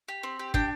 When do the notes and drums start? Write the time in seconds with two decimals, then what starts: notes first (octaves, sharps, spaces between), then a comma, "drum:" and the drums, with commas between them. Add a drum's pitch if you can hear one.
0.08 G4
0.23 C4
0.39 G4
0.54 D4 G5, drum: kick